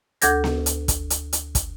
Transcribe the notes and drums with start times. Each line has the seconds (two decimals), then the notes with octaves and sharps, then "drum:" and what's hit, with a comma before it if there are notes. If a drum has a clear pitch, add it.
0.22 D2 A4 D6 G6 G#6 A#6, drum: hi-hat
0.44 drum: snare B3
0.66 drum: hi-hat
0.88 drum: kick, hi-hat
1.10 drum: hi-hat
1.33 drum: hi-hat
1.55 drum: kick, hi-hat